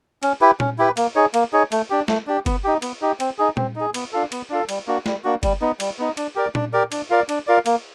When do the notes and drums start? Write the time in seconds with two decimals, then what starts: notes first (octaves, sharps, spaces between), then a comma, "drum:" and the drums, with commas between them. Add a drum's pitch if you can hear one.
0.23 C#4, drum: cymbal
0.41 E4 G4 B4
0.60 C#4, drum: tom A#2
0.78 E4 G4 B4
0.97 A#3, drum: cymbal
1.15 D#4 G#4 C#5
1.34 A#3, drum: cymbal
1.53 D#4 G#4 C#5
1.72 A3, drum: cymbal
1.90 D4 G4
2.08 A3, drum: snare
2.27 D4 G4
2.46 B3, drum: kick F#1, cymbal
2.64 D#4 G4
2.82 B3, drum: cymbal
3.02 D#4 G4
3.20 C4, drum: cymbal
3.39 D#4 G#4
3.57 C4, drum: tom A#2
3.76 D#4 G#4
3.94 B3, drum: cymbal
4.13 D4 F4 A4
4.32 B3, drum: cymbal
4.50 D4 F4 A4
4.69 G3, drum: cymbal
4.87 A#3 D4 F#4
5.06 G3, drum: snare
5.24 A#3 D4 F#4
5.43 G3, drum: kick F#1, cymbal
5.62 B3 D#4
5.80 G3, drum: cymbal
5.99 B3 D#4
6.17 D4, drum: cymbal
6.35 G4 A#4 D5
6.55 D4, drum: tom A#2
6.73 G4 A#4 D5
6.92 D4, drum: cymbal
7.10 F4 A#4 D5
7.29 D4, drum: cymbal
7.47 F4 A#4 D5
7.66 A#3, drum: cymbal